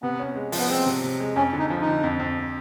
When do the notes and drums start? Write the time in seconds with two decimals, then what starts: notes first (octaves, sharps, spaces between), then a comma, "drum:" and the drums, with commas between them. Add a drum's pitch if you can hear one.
0.02 C3 B3
0.19 C#4
0.36 G#3
0.52 F3, drum: open hi-hat
0.59 B3
0.69 G#3 C4
0.86 C3
1.04 C3
1.20 G#3
1.36 F2 C#4
1.53 D3
1.59 D#4
1.70 F3
1.81 D#4
1.87 D3
2.04 F2
2.20 F2